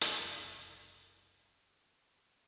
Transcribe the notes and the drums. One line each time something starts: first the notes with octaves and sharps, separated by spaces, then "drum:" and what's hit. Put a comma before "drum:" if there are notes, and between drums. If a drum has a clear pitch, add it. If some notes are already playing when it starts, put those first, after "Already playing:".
F#1 C2 F2, drum: hi-hat